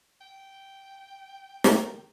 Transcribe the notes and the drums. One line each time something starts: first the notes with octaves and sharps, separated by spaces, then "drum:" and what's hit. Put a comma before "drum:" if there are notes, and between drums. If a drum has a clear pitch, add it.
G5
A#4, drum: snare